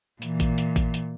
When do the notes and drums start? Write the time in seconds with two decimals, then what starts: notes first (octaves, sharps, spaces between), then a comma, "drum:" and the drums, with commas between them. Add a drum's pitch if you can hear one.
0.22 A#2 E3, drum: hi-hat
0.40 drum: kick A1, hi-hat
0.58 drum: hi-hat
0.76 drum: kick A1, hi-hat
0.94 drum: hi-hat